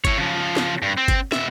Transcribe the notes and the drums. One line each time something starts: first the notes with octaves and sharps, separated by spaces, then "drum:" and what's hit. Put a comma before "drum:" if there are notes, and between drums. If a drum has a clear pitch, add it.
E4 C#5, drum: kick G1, hi-hat
C#3 F3
drum: snare
G2
C4
drum: kick G1, hi-hat
B2 E5, drum: snare